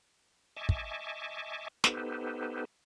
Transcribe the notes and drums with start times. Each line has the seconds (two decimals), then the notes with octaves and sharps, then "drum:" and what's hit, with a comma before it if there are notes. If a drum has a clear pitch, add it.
0.57 D#5 E5 G#5 A5 C#6 D6
0.69 drum: kick
1.84 B3 D#4 G4 A4 B4 C5, drum: snare